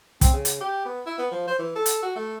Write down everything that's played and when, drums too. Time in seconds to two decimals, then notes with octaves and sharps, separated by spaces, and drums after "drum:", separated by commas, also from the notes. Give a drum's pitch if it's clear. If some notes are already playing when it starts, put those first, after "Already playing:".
0.21 C4, drum: kick, hi-hat
0.33 C#3
0.45 drum: hi-hat
0.60 G4
0.85 B3
1.06 E4
1.18 B3
1.31 F3
1.47 C5
1.59 E3
1.76 A4
1.86 drum: hi-hat
2.03 F#4
2.16 A3